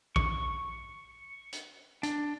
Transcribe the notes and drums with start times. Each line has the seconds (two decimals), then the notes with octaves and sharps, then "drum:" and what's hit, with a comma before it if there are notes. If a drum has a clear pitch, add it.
0.16 C#6, drum: kick
1.53 drum: hi-hat
2.03 D4, drum: hi-hat